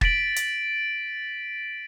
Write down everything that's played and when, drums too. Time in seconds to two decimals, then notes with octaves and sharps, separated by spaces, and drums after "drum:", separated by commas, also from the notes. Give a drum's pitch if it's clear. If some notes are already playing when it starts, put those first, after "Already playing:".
0.01 A6 B6 D7 F#7, drum: kick
0.36 drum: hi-hat